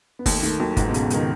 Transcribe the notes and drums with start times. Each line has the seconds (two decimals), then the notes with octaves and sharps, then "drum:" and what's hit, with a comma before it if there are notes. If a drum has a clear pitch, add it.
0.19 B3
0.26 D#2 A3, drum: kick G1, open hi-hat
0.43 D#3 A3, drum: hi-hat
0.60 D#2 F#3
0.77 C#2 G#2, drum: kick G1, hi-hat
0.89 B2
0.94 C#3, drum: hi-hat
1.02 B2
1.10 C#2 D#3, drum: hi-hat